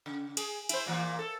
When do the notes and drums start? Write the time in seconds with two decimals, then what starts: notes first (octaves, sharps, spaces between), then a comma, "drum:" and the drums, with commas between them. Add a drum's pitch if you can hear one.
0.06 C#3
0.37 G#4, drum: cymbal
0.69 E4 C5, drum: cymbal
0.86 A#2 E3 A#3
1.19 A4